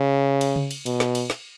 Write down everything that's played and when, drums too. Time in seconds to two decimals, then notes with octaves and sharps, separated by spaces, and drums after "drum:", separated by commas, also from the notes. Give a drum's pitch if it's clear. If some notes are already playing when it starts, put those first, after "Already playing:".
Already playing: C#3
0.41 drum: cymbal
0.56 drum: tom C#3
0.71 drum: cymbal
0.86 B2, drum: cymbal
1.00 drum: snare
1.15 drum: cymbal
1.30 drum: snare